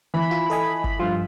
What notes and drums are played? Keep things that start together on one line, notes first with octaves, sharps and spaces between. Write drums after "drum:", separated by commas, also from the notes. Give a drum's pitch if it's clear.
E3 B5
F4
A4 D#5 G#5
drum: kick G1
G2 F3 F4